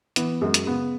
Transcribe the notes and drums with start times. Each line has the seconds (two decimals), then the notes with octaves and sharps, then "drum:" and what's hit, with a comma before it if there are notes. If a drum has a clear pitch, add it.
0.16 E3 B3, drum: hi-hat
0.41 F#2 G#3
0.54 drum: hi-hat
0.67 C#3 B3